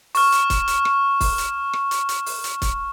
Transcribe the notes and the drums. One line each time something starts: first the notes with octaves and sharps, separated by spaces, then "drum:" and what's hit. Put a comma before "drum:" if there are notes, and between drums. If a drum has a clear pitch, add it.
C#6 F6, drum: open hi-hat
drum: hi-hat
drum: kick, hi-hat
drum: hi-hat
drum: rim click
drum: kick, open hi-hat
drum: hi-hat
drum: rim click
drum: hi-hat
drum: hi-hat
drum: open hi-hat
drum: hi-hat
drum: kick, hi-hat